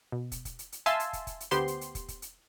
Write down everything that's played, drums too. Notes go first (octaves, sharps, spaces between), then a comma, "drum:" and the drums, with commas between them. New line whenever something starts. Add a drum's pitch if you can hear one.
B2
drum: kick, hi-hat
drum: kick, hi-hat
drum: hi-hat
drum: hi-hat
E5 F5 G#5 A5 C6 E6, drum: hi-hat
drum: hi-hat
drum: kick, hi-hat
drum: kick, hi-hat
drum: hi-hat
D2 B3 G4 C5 C6, drum: hi-hat
drum: hi-hat
drum: hi-hat
drum: kick, hi-hat
drum: kick, hi-hat
drum: hi-hat